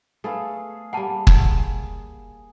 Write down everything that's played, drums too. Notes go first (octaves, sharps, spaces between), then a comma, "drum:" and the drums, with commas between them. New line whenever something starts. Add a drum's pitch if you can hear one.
A3 B3 G#4 A4 F5
G3 A#3 F#5 A5 A#5
drum: kick